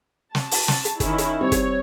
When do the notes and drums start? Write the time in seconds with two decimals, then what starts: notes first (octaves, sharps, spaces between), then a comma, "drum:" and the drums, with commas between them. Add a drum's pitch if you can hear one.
0.35 A5, drum: snare
0.51 drum: open hi-hat
0.68 drum: snare
0.85 drum: hi-hat
1.00 D#3 C#4 E4, drum: kick, hi-hat
1.18 drum: hi-hat
1.41 G3 C4 C#5
1.52 drum: kick, hi-hat